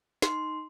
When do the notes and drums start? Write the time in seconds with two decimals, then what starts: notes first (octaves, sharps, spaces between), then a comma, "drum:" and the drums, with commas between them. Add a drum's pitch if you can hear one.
0.22 D#4 C6, drum: snare